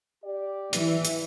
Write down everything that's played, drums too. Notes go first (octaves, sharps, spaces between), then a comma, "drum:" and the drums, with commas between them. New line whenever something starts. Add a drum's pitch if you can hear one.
G4 D5
E3, drum: hi-hat
drum: hi-hat